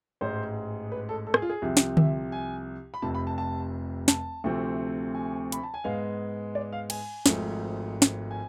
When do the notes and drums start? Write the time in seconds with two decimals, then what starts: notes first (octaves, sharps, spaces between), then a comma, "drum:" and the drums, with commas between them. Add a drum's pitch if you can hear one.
0.21 A1 G#2 G#3 C5
0.92 B4
1.09 A4
1.27 A4
1.34 G#4, drum: rim click
1.42 F4
1.50 G#4
1.62 C2 C3 F3
1.77 drum: snare
1.97 E5, drum: tom D3
2.32 G#5
2.94 B5
3.02 F1 F2 C3 A5
3.15 B5
3.27 A5
3.38 A5
4.08 A5, drum: snare
4.44 D2 C3 F3 A3 C4
5.15 G#5
5.52 B5, drum: hi-hat
5.63 A5
5.74 G#5
5.84 G#2 G#3 B3 F5
6.55 D5
6.72 F5
6.90 G#5, drum: cymbal
7.26 G#1 G#2 F3 A3, drum: snare
8.02 drum: snare
8.31 G#5